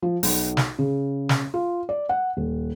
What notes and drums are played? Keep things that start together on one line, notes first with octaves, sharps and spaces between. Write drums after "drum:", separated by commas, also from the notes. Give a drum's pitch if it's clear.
F3
B1, drum: open hi-hat
drum: snare
C#3
drum: snare
F4
D5
F#5
D#1